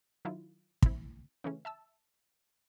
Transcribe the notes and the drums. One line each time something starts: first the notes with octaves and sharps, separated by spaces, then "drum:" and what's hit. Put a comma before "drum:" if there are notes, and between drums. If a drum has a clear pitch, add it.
D#3 F#3 E4 F4
C4 E4, drum: kick
C#3 E3 A3 C#4
E5 A5 E6